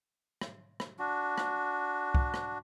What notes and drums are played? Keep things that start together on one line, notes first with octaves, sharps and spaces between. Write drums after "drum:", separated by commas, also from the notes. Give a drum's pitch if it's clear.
drum: rim click
drum: rim click
D4 F#4
drum: rim click
drum: kick C2
drum: rim click